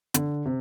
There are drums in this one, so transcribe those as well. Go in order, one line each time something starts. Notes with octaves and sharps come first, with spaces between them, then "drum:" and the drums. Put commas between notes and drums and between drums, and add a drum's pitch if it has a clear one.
D3, drum: hi-hat
C3